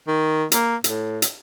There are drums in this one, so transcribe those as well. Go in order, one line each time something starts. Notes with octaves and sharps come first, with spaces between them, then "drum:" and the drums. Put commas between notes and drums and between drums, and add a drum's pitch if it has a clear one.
D#3
A#3, drum: hi-hat
A2, drum: hi-hat
drum: hi-hat